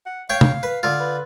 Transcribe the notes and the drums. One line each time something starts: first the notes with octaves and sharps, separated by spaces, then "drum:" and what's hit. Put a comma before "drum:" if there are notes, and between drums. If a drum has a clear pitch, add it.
F#5
C#5 F5 G5 C#6
drum: tom
B4
D3 F4
B4